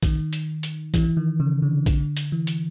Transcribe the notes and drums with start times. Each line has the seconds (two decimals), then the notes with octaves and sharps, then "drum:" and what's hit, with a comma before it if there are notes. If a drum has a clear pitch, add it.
0.03 D#3, drum: kick, hi-hat
0.33 drum: hi-hat
0.63 drum: hi-hat
0.94 E3, drum: kick, hi-hat
1.17 D#3
1.40 C#3
1.62 D3
1.86 D3, drum: kick, hi-hat
2.17 drum: hi-hat
2.32 E3
2.47 drum: hi-hat